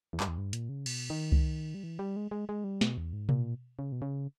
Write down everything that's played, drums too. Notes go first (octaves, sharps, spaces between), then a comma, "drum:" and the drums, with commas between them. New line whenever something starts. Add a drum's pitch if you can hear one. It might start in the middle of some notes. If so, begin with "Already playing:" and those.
E2
G2, drum: clap
E2
G2
A#2, drum: hi-hat
C#3
B2, drum: cymbal
D#3
drum: kick C2
G3
E3
G3
G#3
G#3
G#3
G3
B2, drum: snare
E2
G#2
A#2, drum: tom B2
C#3
B2
C#3